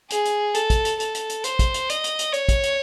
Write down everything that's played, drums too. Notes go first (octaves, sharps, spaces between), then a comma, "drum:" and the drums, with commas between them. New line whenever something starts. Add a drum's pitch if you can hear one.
G#4, drum: hi-hat
drum: hi-hat
A4, drum: hi-hat
drum: kick, hi-hat
drum: hi-hat
A4, drum: hi-hat
drum: hi-hat
drum: hi-hat
C5, drum: hi-hat
drum: kick, hi-hat
drum: hi-hat
D#5, drum: hi-hat
drum: hi-hat
drum: hi-hat
C#5, drum: hi-hat
drum: kick, hi-hat
drum: hi-hat